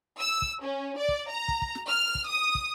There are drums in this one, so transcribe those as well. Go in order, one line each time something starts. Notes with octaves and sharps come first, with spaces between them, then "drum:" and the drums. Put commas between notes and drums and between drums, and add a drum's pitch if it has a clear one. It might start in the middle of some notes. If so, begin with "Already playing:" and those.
E6
drum: kick
C#4
D5
drum: kick
A#5
drum: kick
drum: kick
drum: snare
F6
drum: kick
D#6
drum: kick